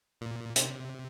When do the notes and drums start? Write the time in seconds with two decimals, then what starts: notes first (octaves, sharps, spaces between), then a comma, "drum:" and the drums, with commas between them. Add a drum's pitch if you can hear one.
0.21 A#2
0.56 C3, drum: hi-hat